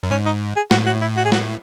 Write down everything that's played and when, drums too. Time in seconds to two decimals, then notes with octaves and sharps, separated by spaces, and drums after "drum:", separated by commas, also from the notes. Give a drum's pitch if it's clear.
0.03 F#2
0.11 G#2 C#4
0.26 D#4
0.56 G#4
0.71 A2 F#4, drum: snare
0.86 F#4
1.01 E4
1.17 F#4
1.25 G#4
1.32 F#4, drum: snare